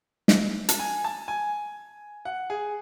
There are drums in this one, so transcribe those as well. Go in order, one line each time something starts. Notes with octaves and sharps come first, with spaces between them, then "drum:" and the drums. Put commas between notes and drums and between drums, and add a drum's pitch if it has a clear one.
drum: snare
A5, drum: hi-hat
G#5
A5
G#5
F#5
G#4